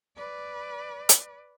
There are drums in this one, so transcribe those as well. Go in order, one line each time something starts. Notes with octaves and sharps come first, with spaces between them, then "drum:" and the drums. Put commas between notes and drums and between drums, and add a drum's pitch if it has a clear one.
B4 D5
drum: hi-hat